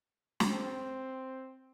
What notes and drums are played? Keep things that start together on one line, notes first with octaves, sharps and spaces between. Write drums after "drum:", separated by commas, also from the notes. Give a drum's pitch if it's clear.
drum: snare
C4